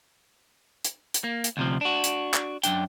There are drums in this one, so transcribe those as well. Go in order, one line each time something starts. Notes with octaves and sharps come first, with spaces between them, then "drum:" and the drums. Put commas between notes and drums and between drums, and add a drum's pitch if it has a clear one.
drum: hi-hat
drum: hi-hat
A#3
drum: hi-hat
D2 C3 F3
D4 F#4
drum: hi-hat
drum: clap
F#2 C#3 D4 G5, drum: hi-hat